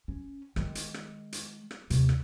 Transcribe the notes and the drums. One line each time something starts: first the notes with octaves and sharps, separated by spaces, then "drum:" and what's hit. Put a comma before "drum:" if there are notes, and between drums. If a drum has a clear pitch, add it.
C#4
D#3 G#3, drum: rim click
drum: hi-hat
drum: rim click
drum: hi-hat
drum: rim click
D#2 C3, drum: hi-hat
drum: rim click